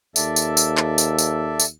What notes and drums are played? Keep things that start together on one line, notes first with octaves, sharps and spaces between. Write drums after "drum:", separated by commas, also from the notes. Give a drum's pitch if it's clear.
D#2 A4 D5 E5, drum: tambourine
drum: tambourine
drum: tambourine
drum: clap
drum: tambourine
drum: tambourine
drum: tambourine